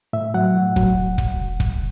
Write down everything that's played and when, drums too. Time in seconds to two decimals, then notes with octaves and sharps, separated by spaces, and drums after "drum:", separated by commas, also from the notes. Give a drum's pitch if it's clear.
0.13 A2 E5
0.34 F#3 F#5
0.55 A2
0.76 F#3, drum: kick
1.18 drum: kick
1.60 drum: kick